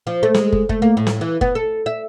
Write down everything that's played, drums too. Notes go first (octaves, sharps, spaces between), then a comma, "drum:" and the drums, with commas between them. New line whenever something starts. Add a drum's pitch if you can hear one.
F3
A3
G#3, drum: snare
drum: kick
A3, drum: kick
A#3
A2
drum: snare
E3
B3, drum: kick
A4
E5